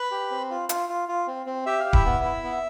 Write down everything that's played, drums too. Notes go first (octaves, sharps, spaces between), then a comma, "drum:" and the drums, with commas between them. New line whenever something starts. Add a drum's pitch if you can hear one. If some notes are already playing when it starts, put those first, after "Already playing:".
Already playing: B4 B5
G4
C4
F4
F4, drum: hi-hat
F4
F4
C4
C4
G4 E5
F5
G4
E4 E5, drum: kick D1
B3
E4
B3